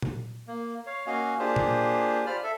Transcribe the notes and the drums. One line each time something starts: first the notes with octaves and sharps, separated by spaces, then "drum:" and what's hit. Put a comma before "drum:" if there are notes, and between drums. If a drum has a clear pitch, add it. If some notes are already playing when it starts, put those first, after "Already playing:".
drum: tom A#2
A#3
C#5 F5
A#3 C#4 F#4 D#5 F5
A#3 D4 F4 G4 G#4 C5
drum: tom A#2
F4 C5 D5 B5 F6
A4 E5